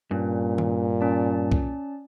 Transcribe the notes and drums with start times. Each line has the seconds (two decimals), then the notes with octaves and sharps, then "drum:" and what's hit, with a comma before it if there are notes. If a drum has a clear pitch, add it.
0.11 G2 A#2 C#4
0.58 drum: tom D#3
1.01 C#4 D5 A5
1.52 drum: kick